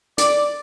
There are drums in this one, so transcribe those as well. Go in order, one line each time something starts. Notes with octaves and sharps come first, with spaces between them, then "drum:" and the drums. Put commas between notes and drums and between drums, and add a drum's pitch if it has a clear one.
D5, drum: hi-hat